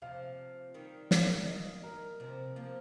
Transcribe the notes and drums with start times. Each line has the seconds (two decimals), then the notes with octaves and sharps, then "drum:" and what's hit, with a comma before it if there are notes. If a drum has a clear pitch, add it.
0.02 C3 F3 F5
0.74 D#3 G3
1.11 F5, drum: snare
1.47 D#5
1.83 A#4
2.20 C3 F3
2.56 F3 A#3